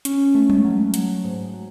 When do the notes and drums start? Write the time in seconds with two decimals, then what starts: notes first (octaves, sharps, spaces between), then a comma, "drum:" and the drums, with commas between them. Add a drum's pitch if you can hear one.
0.05 C#4, drum: hi-hat
0.35 A3
0.50 drum: tom G3
0.64 F#3
0.94 F#3, drum: hi-hat
1.24 G#2
1.54 F#3